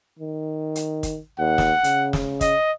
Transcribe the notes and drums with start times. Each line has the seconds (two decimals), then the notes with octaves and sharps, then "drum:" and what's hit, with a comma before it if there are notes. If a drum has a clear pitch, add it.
0.19 D#3
0.75 drum: hi-hat
1.03 drum: kick, hi-hat
1.39 D#2 F#5
1.58 drum: snare
1.84 C#3, drum: hi-hat
2.13 drum: snare
2.41 D#5, drum: kick, hi-hat